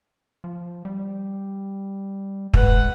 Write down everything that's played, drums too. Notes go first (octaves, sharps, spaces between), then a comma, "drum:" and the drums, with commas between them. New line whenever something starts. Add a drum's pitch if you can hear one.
F3
G3
G#3 B4 F#5, drum: kick